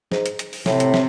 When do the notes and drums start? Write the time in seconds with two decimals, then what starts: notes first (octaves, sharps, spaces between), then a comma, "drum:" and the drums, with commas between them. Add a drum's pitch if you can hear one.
0.12 G#2, drum: snare
0.26 drum: hi-hat
0.39 drum: hi-hat
0.53 drum: open hi-hat
0.66 A2 C3, drum: snare
0.80 drum: hi-hat
0.94 drum: snare